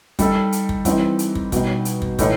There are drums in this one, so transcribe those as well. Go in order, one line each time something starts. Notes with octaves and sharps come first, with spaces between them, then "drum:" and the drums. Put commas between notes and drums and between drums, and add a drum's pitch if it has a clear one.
G3 D#4 A4, drum: kick, hi-hat
drum: hi-hat
drum: kick
E3 G3 C4 D#4, drum: kick, hi-hat
drum: hi-hat
drum: kick
B2 G3 D#4, drum: kick, hi-hat
drum: hi-hat
drum: kick
A2 E3 A3 D#4, drum: kick, hi-hat